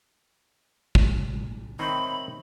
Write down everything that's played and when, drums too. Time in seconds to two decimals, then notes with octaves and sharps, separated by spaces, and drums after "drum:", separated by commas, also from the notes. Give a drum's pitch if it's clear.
0.95 B1, drum: kick
1.79 D#3 C4 D#4 C#5 E5 G5 B5